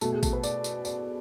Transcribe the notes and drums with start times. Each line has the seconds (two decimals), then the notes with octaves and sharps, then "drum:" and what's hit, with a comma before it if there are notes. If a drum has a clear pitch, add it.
0.01 B2 A3 A4, drum: tambourine
0.12 G#4
0.23 A4, drum: kick A1, tambourine
0.33 B4
0.43 D5, drum: tambourine
0.64 drum: tambourine
0.85 D5, drum: tambourine